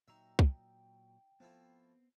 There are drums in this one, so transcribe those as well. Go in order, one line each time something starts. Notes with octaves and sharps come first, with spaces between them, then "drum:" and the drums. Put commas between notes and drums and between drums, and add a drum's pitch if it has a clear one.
A#2 F#3 D#4 E5 G5 A#5
drum: kick
F3 A3 B3 C4 E4